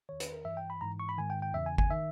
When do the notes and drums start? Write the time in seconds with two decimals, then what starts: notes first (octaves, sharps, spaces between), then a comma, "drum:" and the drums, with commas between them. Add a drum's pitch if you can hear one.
0.09 E2 D#3 C#5
0.20 B4, drum: hi-hat
0.32 A#4
0.45 G2 E3 E5
0.57 G5
0.70 B5
0.81 G#2 E3 A#5
1.00 C#6
1.09 B5
1.17 G#2 D#3 G#5
1.30 G5
1.42 G5
1.54 E2 C#3 E3 E5
1.66 G#5
1.78 G#5, drum: kick G1
1.90 D#3 E5